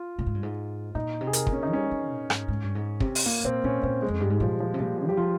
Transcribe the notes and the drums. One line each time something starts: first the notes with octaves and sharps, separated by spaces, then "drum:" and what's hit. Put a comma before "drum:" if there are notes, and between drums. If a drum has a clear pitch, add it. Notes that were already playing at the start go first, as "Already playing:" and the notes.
Already playing: F4
A#2
G#2
G2
G#2
A#2 D#4
C3
G#4
A#4, drum: hi-hat
A#2, drum: kick
C#4
D#4
G3 C#4
F3
A#2
G#2, drum: rim click
G#2
G2
G#2
C3, drum: kick
drum: open hi-hat
A#2 A#3
A#2 C4
A#2 C#4
A#2 C4
G#3
F2
G2 G3
G#2
A#2 F3
F3
C3
A#2 G3
G3 G4
F3 F4